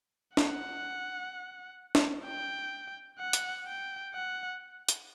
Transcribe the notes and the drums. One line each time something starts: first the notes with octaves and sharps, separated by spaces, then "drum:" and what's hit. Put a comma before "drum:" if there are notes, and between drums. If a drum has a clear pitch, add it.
F#5, drum: snare
drum: snare
G5
F#5
drum: hi-hat
G5
F#5
drum: hi-hat